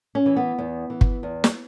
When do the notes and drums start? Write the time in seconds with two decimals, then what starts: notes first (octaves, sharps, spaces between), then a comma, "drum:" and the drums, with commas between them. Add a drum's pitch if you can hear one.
0.15 C#4
0.26 E3
0.36 B3
0.58 E2
0.90 E3
1.01 drum: kick
1.23 E2
1.44 drum: snare